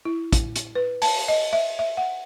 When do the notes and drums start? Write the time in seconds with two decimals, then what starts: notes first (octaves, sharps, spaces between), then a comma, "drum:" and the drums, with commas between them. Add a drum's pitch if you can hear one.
0.05 E4
0.33 drum: kick, hi-hat
0.56 drum: hi-hat
0.75 B4
1.02 A5, drum: open hi-hat
1.28 D#5
1.53 E5
1.79 E5
1.97 F#5